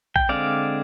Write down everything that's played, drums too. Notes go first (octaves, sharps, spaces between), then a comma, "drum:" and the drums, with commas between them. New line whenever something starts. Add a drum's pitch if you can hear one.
G5, drum: kick A#1
D3 G#3 C4 D5 F5